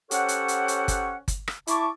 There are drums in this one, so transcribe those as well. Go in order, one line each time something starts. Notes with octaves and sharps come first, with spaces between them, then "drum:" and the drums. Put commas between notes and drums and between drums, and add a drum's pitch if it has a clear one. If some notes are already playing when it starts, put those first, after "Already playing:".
C#4 G4 A4 C5 C#5 F#5, drum: hi-hat
drum: hi-hat
drum: hi-hat
drum: hi-hat
drum: kick G1, hi-hat
drum: kick G1, hi-hat
drum: rim click
E4 A5 C#6 D6, drum: hi-hat